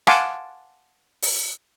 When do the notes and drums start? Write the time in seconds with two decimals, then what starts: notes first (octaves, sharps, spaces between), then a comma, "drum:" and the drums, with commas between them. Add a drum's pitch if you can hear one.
0.07 F5 F#5 G#5 A5 C6 D6, drum: rim click
1.22 drum: open hi-hat